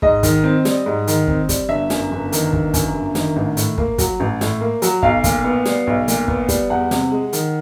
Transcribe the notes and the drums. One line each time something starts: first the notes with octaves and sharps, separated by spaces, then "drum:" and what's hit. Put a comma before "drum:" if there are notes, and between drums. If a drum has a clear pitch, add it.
G#2 D#5, drum: kick
D#3, drum: kick, hi-hat
C4
G3, drum: snare
G#2
D#3, drum: hi-hat
C4, drum: kick
G3, drum: kick, hi-hat
G1 E5
F#2, drum: snare
G1
D#3, drum: hi-hat
G1, drum: kick
F#2, drum: kick, hi-hat
G1
D#3, drum: snare
A1
A2, drum: hi-hat
A#3, drum: kick
F#3, drum: kick, hi-hat
A1
A2, drum: snare
A#3
F#3, drum: hi-hat
B1 F5, drum: kick
A#2, drum: kick, hi-hat
B3
G3, drum: snare
B1
A#2, drum: hi-hat
B3, drum: kick
G3, drum: kick, hi-hat
E2 F#5
C3, drum: snare
G#3
D#3, drum: hi-hat